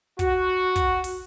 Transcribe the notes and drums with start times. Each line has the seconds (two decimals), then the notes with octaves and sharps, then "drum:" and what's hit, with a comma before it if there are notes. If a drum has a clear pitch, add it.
0.19 F#4, drum: kick, hi-hat
0.76 drum: kick, hi-hat
1.04 drum: open hi-hat